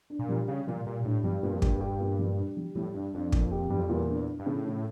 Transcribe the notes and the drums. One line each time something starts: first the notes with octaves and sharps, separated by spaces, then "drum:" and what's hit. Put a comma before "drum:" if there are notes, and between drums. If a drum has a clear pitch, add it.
D4
A#2
G3
C#3 G4
A#2 G3
A#2 G4
A2 D4
G2 G3
G2 A#2
F2
G2 G4, drum: kick
G4
A#2
G3
D4
G3
A2 G3
G2 D4
F2 D4
A#2, drum: kick
G4
G2 G3
F2
E2 A#2
D4
D4
G2
A2 C#3
C#3